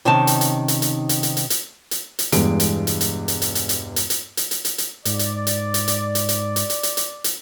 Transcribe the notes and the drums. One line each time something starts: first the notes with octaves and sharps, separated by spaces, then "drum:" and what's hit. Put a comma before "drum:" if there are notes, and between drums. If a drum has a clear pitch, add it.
C3 D#3 C#4 D#4 A5
drum: hi-hat
drum: hi-hat
drum: hi-hat
drum: hi-hat
drum: hi-hat
drum: hi-hat
drum: hi-hat
drum: hi-hat
drum: hi-hat
drum: hi-hat
E1 E2 G2 G#3 D7, drum: hi-hat
drum: hi-hat
drum: hi-hat
drum: hi-hat
drum: hi-hat
drum: hi-hat
drum: hi-hat
drum: hi-hat
drum: hi-hat
drum: hi-hat
drum: hi-hat
drum: hi-hat
drum: hi-hat
drum: hi-hat
G#2 D5, drum: hi-hat
drum: hi-hat
drum: hi-hat
drum: hi-hat
drum: hi-hat
drum: hi-hat
drum: hi-hat
drum: hi-hat
drum: hi-hat
drum: hi-hat
drum: hi-hat
drum: hi-hat